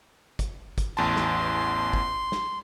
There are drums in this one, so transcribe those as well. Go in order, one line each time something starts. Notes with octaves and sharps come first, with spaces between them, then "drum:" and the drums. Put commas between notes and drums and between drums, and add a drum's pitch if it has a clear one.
drum: kick, hi-hat
drum: kick, hi-hat
A1 E2 A5 C6
drum: snare
drum: kick
drum: snare